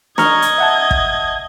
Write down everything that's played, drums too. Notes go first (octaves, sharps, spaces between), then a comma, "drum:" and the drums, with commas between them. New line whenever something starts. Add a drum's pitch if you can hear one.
D#5 A#5 C#6 F6 G#6, drum: snare
drum: hi-hat
E5 F#5 A5
drum: kick